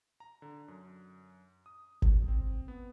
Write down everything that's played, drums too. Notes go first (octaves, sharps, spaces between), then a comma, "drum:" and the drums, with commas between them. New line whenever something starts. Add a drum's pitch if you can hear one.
A#5
D3
F#2
D#6
drum: kick G1
C4
B3